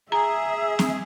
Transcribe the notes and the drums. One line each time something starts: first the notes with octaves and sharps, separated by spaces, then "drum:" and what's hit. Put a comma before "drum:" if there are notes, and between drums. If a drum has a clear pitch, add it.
G#4 E5 A#5
drum: snare C4